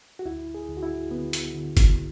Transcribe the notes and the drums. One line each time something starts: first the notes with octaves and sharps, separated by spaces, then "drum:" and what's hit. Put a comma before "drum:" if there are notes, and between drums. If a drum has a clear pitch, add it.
F#4
D2 E4
G#4
D2
F#4
E4
D3 B3
drum: hi-hat
D3
drum: kick, hi-hat